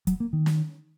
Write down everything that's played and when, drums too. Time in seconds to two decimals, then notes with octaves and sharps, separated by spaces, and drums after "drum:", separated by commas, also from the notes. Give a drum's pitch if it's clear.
0.07 F#3, drum: kick, hi-hat
0.20 A#3
0.33 D#3
0.46 drum: snare